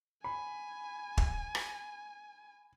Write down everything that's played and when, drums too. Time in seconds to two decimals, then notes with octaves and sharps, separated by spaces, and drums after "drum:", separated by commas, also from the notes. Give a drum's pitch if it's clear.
0.24 G#5 B5
1.17 drum: kick
1.55 drum: rim click